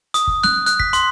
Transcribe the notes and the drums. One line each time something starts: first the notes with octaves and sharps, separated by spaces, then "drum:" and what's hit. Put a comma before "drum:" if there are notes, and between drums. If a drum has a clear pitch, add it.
D#6, drum: hi-hat
drum: kick
F#6, drum: snare
F#6, drum: hi-hat
B6, drum: kick
C6, drum: hi-hat